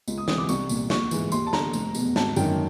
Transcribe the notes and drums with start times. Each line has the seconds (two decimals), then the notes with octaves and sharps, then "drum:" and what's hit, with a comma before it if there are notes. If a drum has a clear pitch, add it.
0.08 C#2, drum: tambourine
0.18 D#6
0.28 C3 E3 D#6, drum: snare
0.38 D6
0.49 C2 C#6, drum: tambourine
0.69 A#2, drum: tambourine
0.90 A#1 C#6, drum: snare
1.11 G#2 E3, drum: tambourine
1.32 D#2 C6, drum: tambourine
1.46 A5
1.53 D3 A#5, drum: snare
1.73 F1, drum: tambourine
1.95 E2 B2, drum: tambourine
2.16 G#1 A5, drum: snare
2.36 F#2 D#3 G5, drum: tambourine